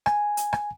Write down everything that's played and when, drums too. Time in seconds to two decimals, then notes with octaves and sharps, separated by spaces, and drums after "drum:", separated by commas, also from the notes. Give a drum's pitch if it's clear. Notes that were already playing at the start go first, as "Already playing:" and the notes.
0.06 G#5, drum: rim click
0.37 drum: hi-hat
0.53 drum: rim click